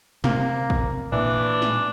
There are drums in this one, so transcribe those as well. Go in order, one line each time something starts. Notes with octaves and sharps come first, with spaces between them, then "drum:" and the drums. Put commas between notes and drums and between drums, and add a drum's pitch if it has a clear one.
C3 A#3, drum: snare
drum: kick
A#2 E3 A#3 D4
drum: snare